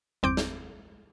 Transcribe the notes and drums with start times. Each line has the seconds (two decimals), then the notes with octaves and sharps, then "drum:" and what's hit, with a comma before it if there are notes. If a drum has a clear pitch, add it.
0.23 G1 E2 C4 D6 G6 D7
0.37 drum: snare